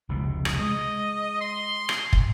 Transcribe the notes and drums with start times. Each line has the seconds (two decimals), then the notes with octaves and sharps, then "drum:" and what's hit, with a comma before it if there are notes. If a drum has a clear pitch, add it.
0.09 F1 C#2 B2
0.45 drum: rim click
0.59 G#3 D#5
1.41 C6
1.89 drum: rim click
2.13 drum: kick